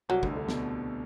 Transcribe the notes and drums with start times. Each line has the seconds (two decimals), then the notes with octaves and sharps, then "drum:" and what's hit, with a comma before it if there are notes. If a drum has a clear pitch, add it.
0.09 C2 C3 F#3
0.23 D2 D3, drum: kick
0.36 D2 D3
0.49 B2, drum: snare